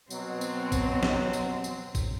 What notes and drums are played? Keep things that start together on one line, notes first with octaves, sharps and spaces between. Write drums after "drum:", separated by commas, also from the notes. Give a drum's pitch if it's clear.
B2 F#3 C4, drum: tambourine
drum: tambourine
drum: kick A1, tambourine
drum: snare
drum: tambourine
drum: tambourine
drum: kick A1, tambourine